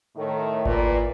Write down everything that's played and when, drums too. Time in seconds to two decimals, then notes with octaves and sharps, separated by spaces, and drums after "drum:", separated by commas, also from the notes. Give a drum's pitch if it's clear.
0.16 A2 D#3 A3
0.66 A#2 B4 D5, drum: kick G#1